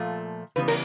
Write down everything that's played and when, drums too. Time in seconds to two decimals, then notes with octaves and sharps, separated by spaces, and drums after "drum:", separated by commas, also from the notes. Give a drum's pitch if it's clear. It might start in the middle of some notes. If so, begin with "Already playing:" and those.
Already playing: A#2 F3 A3
0.56 C#3 E3 G3 B3 B4
0.68 A#4, drum: cymbal